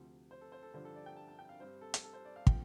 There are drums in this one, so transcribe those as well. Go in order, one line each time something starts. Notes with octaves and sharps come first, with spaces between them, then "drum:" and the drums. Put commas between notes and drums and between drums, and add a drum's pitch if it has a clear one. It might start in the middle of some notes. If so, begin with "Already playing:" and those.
Already playing: D2 C3 F3
C5
A4
C5
A4
G2 D3 F3 D4 C5
A4
D5
G5
A5
A5
G5
F5
G2 G3 C4 C5
A4
drum: hi-hat
A4
C5
D5
F5
D3 F3 C4 G5, drum: kick